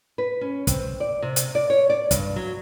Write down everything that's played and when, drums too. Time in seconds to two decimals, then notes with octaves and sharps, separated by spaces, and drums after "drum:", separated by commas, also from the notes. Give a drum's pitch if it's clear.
0.18 B4
0.41 C#4
0.67 C4, drum: kick, hi-hat
1.00 D5
1.22 C3
1.36 drum: hi-hat
1.55 D5
1.70 C#5
1.90 D5
2.11 G2, drum: kick, hi-hat
2.36 F#3